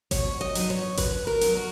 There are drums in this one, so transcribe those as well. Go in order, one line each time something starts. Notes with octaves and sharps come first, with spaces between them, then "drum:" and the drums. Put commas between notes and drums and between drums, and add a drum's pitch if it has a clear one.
B2 C#5, drum: kick G#1, hi-hat
D#5
F#3 B3 D#4, drum: hi-hat
C#5
B2 B4, drum: kick G#1, hi-hat
A#4
F#3 B3 D#4, drum: hi-hat
F#4